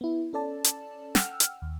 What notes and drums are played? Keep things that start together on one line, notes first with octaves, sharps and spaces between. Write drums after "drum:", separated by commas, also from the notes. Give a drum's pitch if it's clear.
B3 E4
C#4 A4 D5 A5
drum: hi-hat
F#5 G5 E6 F6, drum: snare
drum: hi-hat
D#2